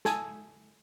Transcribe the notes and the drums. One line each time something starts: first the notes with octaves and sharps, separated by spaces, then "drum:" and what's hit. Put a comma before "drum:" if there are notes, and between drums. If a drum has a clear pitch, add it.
A4 G#5, drum: snare